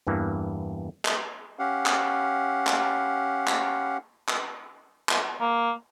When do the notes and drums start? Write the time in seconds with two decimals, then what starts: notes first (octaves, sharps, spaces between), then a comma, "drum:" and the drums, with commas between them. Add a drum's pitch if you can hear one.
0.07 E2 G2 E3 A#3
1.05 drum: clap
1.59 C#4 G4 F5 F#5
1.86 drum: clap
2.67 drum: clap
3.48 drum: clap
4.28 drum: clap
5.09 drum: clap
5.40 A#3